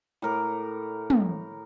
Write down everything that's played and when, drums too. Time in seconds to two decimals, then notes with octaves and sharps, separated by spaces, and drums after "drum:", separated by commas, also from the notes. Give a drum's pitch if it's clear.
0.22 A2 A#4 D6
1.10 drum: tom